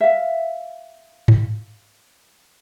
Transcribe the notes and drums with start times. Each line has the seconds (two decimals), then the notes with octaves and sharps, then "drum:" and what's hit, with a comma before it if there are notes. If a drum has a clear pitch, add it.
0.01 E5 F5
1.28 drum: tom G#2